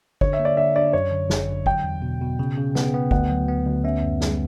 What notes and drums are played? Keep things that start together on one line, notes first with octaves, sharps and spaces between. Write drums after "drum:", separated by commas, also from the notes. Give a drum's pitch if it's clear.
D3 C#5, drum: kick G1
E5
A#3
D5
D3 E5
D4 D5
F#2 C#5
D3
G1, drum: snare
D3
F#3 G5, drum: kick G1
E2
B2
B2
C#3
C#3
B3, drum: snare
B3
D2 F#5, drum: kick G1
F#3
B3
D2
C#4 E5
F#2
G3, drum: snare